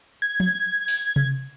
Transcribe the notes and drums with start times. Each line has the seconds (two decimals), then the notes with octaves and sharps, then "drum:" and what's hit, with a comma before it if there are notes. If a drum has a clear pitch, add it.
0.22 G#6
0.40 drum: tom F3
0.88 drum: open hi-hat
1.16 drum: tom C3